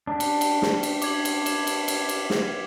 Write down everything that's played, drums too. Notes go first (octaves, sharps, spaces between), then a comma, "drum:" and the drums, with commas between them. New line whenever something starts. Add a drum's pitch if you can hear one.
D4 G4
drum: cymbal
drum: cymbal
drum: snare
drum: cymbal
D6 G#6 F#7, drum: cymbal
drum: cymbal
E7, drum: cymbal
drum: cymbal
drum: cymbal
drum: cymbal
drum: snare